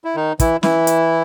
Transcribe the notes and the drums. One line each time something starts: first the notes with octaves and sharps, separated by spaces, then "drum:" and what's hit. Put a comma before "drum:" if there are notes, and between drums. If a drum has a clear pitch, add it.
E4
D#3 D#4
E3 E4, drum: kick, hi-hat
E3 E4, drum: snare
drum: hi-hat